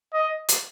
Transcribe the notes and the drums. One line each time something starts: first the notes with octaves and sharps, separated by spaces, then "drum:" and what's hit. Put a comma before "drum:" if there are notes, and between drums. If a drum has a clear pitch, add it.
D#5
drum: hi-hat